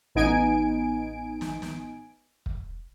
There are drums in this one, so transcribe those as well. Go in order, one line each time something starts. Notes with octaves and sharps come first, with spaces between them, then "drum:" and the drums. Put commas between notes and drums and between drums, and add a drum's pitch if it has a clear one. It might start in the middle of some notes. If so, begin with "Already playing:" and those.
A1 B3 D#4 G#5 D7
drum: snare
drum: snare
drum: kick